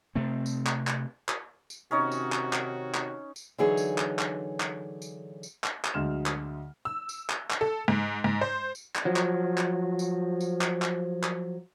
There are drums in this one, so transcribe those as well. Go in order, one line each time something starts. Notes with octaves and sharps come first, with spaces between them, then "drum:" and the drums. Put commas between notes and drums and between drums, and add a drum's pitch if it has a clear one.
C3 A3 C4
drum: tambourine
drum: clap
drum: clap
drum: clap
drum: tambourine
C3 D#3 C#4 D#4 F#4 C#5
drum: tambourine
drum: clap
drum: clap
drum: clap
drum: tambourine
D3 E3 F#3 D#4 G#4 C#5
drum: tambourine
drum: clap
drum: clap
drum: clap
drum: tambourine
drum: tambourine
drum: clap
drum: clap
D2 F#3 G#3 C6 F6 E7
drum: clap
E6
drum: tambourine
drum: clap
drum: clap
A4
G#2
G#2
C5
drum: tambourine
drum: clap
F3 F#3
drum: clap
drum: clap
drum: tambourine
drum: tambourine
drum: clap
drum: clap
drum: clap